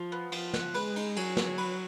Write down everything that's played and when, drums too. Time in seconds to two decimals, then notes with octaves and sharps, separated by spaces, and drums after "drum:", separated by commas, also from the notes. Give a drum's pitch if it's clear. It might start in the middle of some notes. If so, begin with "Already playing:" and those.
Already playing: F3 F4
0.12 B3
0.32 F3 F4, drum: cymbal
0.54 F#5, drum: snare
0.74 G#3 B4, drum: cymbal
0.96 D#4, drum: cymbal
1.16 F#3 G#4, drum: cymbal
1.37 G#4, drum: snare
1.58 B4, drum: cymbal